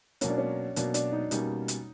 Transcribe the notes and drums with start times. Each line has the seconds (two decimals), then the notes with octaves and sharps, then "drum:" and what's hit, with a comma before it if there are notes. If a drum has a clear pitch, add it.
0.21 B2 F#3 A#3 C#4, drum: hi-hat
0.29 D4
0.38 C#4
0.76 B2 F#3 A#3 D4, drum: hi-hat
0.94 D4, drum: hi-hat
1.13 D#4
1.31 B2 G3 A#3 C#4 D#4, drum: hi-hat
1.68 drum: hi-hat